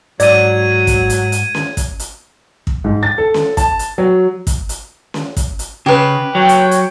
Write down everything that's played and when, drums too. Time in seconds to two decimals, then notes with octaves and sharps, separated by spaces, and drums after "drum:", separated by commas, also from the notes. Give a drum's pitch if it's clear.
0.20 G#2 F#3 D5 G#6 D#7, drum: hi-hat
0.87 drum: kick, hi-hat
1.10 drum: hi-hat
1.32 drum: hi-hat
1.55 drum: snare C#4
1.77 drum: kick, hi-hat
1.99 drum: hi-hat
2.67 drum: kick
2.84 G#2
3.03 A6
3.18 A4
3.34 drum: snare C#4
3.57 A5, drum: kick, hi-hat
3.79 drum: hi-hat
3.98 F#3
4.47 drum: kick, hi-hat
4.69 drum: hi-hat
5.14 drum: snare C#4
5.37 drum: kick, hi-hat
5.59 drum: hi-hat
5.86 C#3 G4 B4
6.35 F#3 C#5 G5
6.49 drum: hi-hat
6.71 drum: hi-hat